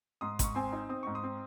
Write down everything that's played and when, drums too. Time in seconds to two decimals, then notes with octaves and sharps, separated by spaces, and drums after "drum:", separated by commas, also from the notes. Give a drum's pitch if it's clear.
0.21 G#2 C6 D#6
0.39 G#2 C#6, drum: kick G#1, hi-hat
0.55 C4 G#5 C6
0.73 D#4
0.89 C4 D#6
1.03 G#2 C#6
1.15 C6 D#6
1.23 C4